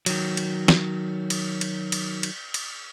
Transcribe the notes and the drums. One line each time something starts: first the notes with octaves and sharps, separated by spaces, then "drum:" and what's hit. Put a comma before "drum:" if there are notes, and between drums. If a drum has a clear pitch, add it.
D#3 F#3, drum: cymbal
drum: cymbal
drum: snare
drum: cymbal
drum: cymbal
drum: cymbal
drum: cymbal
drum: cymbal